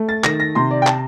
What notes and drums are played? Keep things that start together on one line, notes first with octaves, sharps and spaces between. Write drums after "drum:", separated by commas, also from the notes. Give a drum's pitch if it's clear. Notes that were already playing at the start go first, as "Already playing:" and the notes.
Already playing: A3
A6
D#3 A#6, drum: clap
A#6
C3 C6
D5
G5
A5, drum: clap